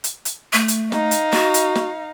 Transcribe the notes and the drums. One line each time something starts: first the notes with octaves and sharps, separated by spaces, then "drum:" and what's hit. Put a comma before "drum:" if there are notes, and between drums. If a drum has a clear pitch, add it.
drum: hi-hat
drum: hi-hat
A3
drum: hi-hat
D#4 F5, drum: snare
drum: hi-hat
F#4, drum: snare
drum: hi-hat
drum: snare